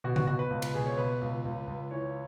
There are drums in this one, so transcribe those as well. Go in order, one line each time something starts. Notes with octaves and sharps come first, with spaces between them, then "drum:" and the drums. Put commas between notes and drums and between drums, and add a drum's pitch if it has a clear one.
B2 F#4
F#4, drum: tom C#3
B2 F#4
B4
C#2
B4, drum: cymbal
B2 G#4
C#5
B2 B4
C#2
C#2
C#2
E3 C#5